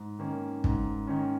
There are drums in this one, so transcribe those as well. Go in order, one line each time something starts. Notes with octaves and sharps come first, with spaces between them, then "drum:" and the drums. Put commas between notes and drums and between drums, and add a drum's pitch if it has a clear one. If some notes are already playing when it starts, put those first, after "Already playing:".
Already playing: G#2
D#3 A#3 C#4
G#2, drum: kick
D#3 A#3 C#4